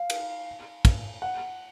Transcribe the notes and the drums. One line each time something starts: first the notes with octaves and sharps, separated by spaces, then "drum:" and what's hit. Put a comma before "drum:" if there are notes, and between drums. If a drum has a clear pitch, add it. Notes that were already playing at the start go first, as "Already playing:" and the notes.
Already playing: F5
drum: cymbal
drum: kick, cymbal
F#5